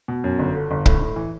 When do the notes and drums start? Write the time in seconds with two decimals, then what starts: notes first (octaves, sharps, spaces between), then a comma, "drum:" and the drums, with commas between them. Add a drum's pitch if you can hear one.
0.08 B2
0.24 F#2
0.39 G1
0.54 D3
0.71 G1
0.86 A2, drum: kick
1.01 A2
1.16 E3